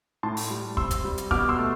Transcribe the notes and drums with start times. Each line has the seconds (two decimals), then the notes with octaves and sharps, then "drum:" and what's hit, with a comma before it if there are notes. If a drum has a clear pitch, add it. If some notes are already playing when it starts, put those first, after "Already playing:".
0.23 A2 A5 C6
0.37 drum: open hi-hat
0.50 G3
0.77 C3 C6 E6, drum: kick
0.91 drum: kick, hi-hat
1.04 G3
1.18 drum: hi-hat
1.31 B2 D6 F6, drum: kick
1.49 C6 E6
1.58 A3